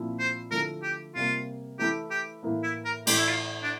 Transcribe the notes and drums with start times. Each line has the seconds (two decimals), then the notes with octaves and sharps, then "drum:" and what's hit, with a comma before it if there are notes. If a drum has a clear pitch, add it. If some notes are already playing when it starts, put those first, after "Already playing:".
Already playing: A#2 F3 C4 E4
0.19 C5
0.51 D3 F3 A3 E4 A#4
0.83 G4
1.15 C3 G3 A#3 F4
1.79 E3 A3 E4 G4
2.10 G4
2.43 A2 E3 A#3
2.64 E4
2.85 A#4
3.07 A2 E3 A3 G4, drum: cymbal
3.18 E4
3.27 F4
3.63 D4